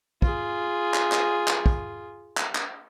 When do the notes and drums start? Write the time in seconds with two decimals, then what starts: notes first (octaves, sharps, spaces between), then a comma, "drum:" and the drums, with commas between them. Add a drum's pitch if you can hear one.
0.22 F4 G#4, drum: kick
0.94 drum: clap
1.12 drum: clap
1.48 drum: clap
1.66 drum: kick
2.37 drum: clap
2.55 drum: clap